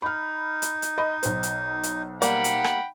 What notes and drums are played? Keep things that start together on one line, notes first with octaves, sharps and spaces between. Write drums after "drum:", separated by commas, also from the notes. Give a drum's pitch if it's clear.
D#4 B5 F6
drum: hi-hat
drum: hi-hat
D#5 B5
B1 C5, drum: hi-hat
drum: hi-hat
drum: hi-hat
G3 A#3 F#5 G5 B5, drum: hi-hat
drum: hi-hat
drum: rim click